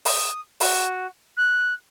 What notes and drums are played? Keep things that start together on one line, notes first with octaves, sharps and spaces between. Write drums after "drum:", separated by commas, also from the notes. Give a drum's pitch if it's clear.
D#6, drum: open hi-hat
F#4, drum: open hi-hat
F#6